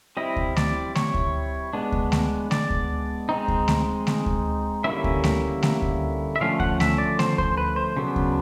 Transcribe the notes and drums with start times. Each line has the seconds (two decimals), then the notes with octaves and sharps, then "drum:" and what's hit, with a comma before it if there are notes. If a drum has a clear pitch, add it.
0.17 G3 C4 E4 D#5
0.36 drum: kick D2
0.56 D5, drum: snare A3
0.95 C#5, drum: snare A3
1.14 drum: kick D2
1.73 G#3 B3 D4
1.92 drum: kick D2
2.12 drum: snare A3
2.51 D5, drum: snare A3
2.70 drum: kick D2
3.29 G#3 C4 D#4
3.48 drum: kick D2
3.68 drum: snare A3
4.07 drum: snare A3
4.26 drum: kick D2
4.84 D3 G3 A#3 C#4 E4 E5
5.04 drum: kick D2
5.24 drum: snare A3
5.63 drum: snare A3
5.82 drum: kick D2
6.36 E5
6.40 D3 F3 A3 C#4 F5
6.60 F#5, drum: kick D2
6.80 E5, drum: snare A3
6.98 D5
7.19 C5, drum: snare A3
7.38 C5, drum: kick D2
7.57 B4
7.76 C5
7.96 C#3 F#3 B3 D4
8.16 drum: kick D2